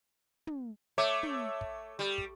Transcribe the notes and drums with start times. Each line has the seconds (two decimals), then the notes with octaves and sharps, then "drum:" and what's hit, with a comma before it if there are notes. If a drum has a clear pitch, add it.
0.47 drum: tom
0.98 A3 C#5 E5 D6
1.23 drum: tom
1.61 drum: kick
1.99 G3
2.18 drum: kick